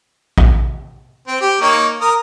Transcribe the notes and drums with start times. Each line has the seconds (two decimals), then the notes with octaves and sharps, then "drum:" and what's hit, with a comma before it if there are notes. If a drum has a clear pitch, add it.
0.38 drum: kick A#1
1.28 C4
1.41 G4
1.61 A#3 D#4 C#5
2.01 A#4 D#6